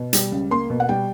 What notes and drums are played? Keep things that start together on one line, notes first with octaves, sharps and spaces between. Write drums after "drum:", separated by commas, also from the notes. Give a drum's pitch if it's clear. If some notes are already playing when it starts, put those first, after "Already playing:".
Already playing: B2
G3, drum: hi-hat
C#2
A#3 C6
B2
F#5
G3 G5